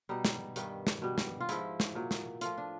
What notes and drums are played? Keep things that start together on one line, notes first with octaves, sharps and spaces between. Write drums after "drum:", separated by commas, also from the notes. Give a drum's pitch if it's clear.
B2 G3 D#4
drum: snare
G2 D#3 G3, drum: hi-hat
drum: snare
B2 G3
drum: snare
F4
G#2 F3 E4, drum: hi-hat
drum: snare
A#2 F#3
drum: snare
A2 F3 F4, drum: hi-hat
D4